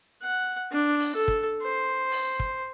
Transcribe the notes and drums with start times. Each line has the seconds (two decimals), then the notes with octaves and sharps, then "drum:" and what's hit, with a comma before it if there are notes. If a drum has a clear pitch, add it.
0.22 F#5
0.72 D4
1.00 drum: open hi-hat
1.15 A4
1.28 drum: kick
1.63 C5
2.12 drum: open hi-hat
2.40 drum: kick